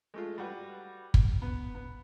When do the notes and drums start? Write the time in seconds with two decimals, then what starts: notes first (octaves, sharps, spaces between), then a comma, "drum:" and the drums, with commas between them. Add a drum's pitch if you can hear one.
0.14 G#3 A3 F4
0.38 G3 F#4 B4
1.14 drum: kick
1.42 B3
1.75 B3